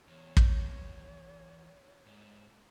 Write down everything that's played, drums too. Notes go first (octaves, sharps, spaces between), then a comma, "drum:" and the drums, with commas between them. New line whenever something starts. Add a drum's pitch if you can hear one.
E2 C#5
drum: kick
G#2